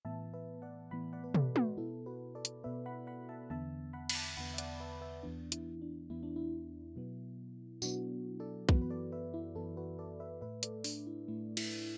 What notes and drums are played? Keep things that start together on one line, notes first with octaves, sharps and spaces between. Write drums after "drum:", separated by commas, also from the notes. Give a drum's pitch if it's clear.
A2 E3 B3 E5 A5
B4 E5
D5 F#5
A2 E3 B3 F#5 B5
D5 F#5
B4
A4 D5, drum: tom
F#4 B4, drum: tom
B2 B3 E4 A4
F#4 B4
A4 D5
drum: hi-hat
B2 B3 B4 E5
F#5 B5
F#5 B5
E5 A5
E2 D3 B3 E5 A5
F#5 B5
B5, drum: cymbal
A5 D6
E2 D3 B3 F#5 B5
E5
D5 F#5, drum: hi-hat
B4 E5
B4 E5
E2 E3 B3 D4
E4, drum: hi-hat
D4
E2 E3 B3 E4
D4
E4
B2 F#3 B3
B2 F#3 B3 D4 F#4, drum: tambourine
A4 D5
F#2 E3 B3 F#4 B4, drum: kick
B4
A4 D5
B4 E5
E4
F#2 E3 B3 E4 A4
F#4 B4
A4 D5
B4 E5
A2 A3 B4 E5
A4 D5, drum: hi-hat
D4, drum: open hi-hat
E4
A2 A3 E4
E4, drum: cymbal